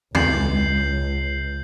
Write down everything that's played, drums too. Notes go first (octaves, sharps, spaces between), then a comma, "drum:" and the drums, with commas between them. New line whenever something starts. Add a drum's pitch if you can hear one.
C#2 G6 C7 F#7, drum: tom E2